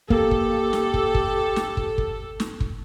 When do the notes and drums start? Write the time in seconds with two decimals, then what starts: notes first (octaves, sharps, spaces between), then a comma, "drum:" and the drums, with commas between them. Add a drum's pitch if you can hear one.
0.10 A#3 G4 A4, drum: kick
0.31 drum: kick
0.73 drum: snare
0.94 drum: kick
1.15 drum: kick
1.56 drum: snare
1.77 drum: kick
1.98 drum: kick
2.40 drum: snare
2.60 drum: kick